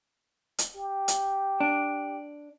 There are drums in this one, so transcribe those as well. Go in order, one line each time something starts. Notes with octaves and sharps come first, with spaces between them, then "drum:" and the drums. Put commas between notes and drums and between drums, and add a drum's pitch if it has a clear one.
drum: hi-hat
G4
drum: hi-hat
D4